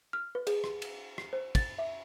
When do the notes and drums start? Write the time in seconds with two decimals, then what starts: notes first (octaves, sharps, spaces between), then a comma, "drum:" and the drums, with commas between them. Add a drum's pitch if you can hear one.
0.13 F6
0.35 B4
0.47 G#4, drum: cymbal
0.64 drum: rim click
0.82 drum: cymbal
1.18 C7, drum: rim click
1.33 C5
1.55 A6, drum: kick, cymbal
1.78 E5